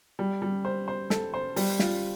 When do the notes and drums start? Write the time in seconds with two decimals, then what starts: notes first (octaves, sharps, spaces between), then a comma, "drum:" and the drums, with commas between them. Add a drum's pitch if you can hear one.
0.19 G3
0.42 G3
0.65 C5
0.88 C5
1.10 A4, drum: snare
1.34 C5
1.56 G3, drum: open hi-hat
1.79 F4, drum: snare